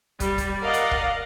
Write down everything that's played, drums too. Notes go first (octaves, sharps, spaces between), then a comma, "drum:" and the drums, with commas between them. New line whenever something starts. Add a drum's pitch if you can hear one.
G3, drum: kick, hi-hat
drum: kick, hi-hat
A#4 D5 D#5 F5 F#5
drum: hi-hat
drum: kick